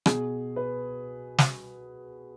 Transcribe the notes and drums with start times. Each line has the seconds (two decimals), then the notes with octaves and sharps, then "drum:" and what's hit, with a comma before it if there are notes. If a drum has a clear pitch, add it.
0.06 B2 G#4, drum: rim click
0.56 B4
1.38 drum: snare